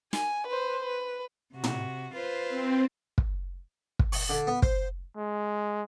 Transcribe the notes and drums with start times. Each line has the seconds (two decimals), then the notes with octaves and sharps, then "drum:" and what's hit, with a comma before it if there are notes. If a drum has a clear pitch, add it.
0.13 G#5, drum: snare
0.47 B4 C5
0.83 B4
1.53 C3 F#4
1.64 drum: tom
2.14 F4 B4 C5
2.49 C4
3.18 drum: kick
3.99 drum: kick
4.12 C#6, drum: open hi-hat
4.29 D3
4.47 B3
4.62 C5, drum: kick
5.17 G#3